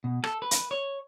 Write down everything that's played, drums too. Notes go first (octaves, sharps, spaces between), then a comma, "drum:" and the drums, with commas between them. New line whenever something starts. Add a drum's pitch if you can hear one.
B2
A4, drum: rim click
B4
drum: hi-hat
C#5